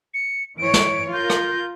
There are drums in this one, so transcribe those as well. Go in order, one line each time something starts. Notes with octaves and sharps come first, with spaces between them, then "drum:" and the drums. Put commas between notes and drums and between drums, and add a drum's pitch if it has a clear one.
C#7
E3 C#5 D7
drum: snare
F4 A#4 G6
drum: rim click